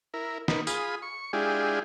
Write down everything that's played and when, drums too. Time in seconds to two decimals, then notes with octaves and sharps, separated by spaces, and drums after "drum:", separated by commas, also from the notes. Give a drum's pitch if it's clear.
0.14 E4 A#4
0.48 A#3 D#4 B4, drum: snare
0.67 F4 G#4 B5 D#6, drum: tambourine
1.02 C#6
1.33 G#3 D4 E4 F4 G4 G#4